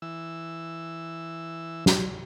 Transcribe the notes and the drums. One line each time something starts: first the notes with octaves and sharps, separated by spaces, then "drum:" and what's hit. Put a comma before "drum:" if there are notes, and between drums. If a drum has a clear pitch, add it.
E3 E6
drum: snare